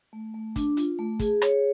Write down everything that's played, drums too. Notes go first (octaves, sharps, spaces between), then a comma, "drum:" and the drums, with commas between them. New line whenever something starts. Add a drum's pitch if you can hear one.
A3
A3
D4, drum: kick, hi-hat
F4, drum: hi-hat
A3
G#4, drum: kick, hi-hat
C#5, drum: rim click